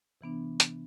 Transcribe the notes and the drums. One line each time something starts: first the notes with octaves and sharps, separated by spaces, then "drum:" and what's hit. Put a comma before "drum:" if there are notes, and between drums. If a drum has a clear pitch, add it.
C3 E3 B3 D4
drum: hi-hat